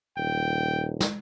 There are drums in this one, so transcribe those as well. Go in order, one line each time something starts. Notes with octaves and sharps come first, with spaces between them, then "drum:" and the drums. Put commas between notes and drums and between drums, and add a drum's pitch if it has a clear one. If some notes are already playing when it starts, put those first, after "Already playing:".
D#1 G5
drum: snare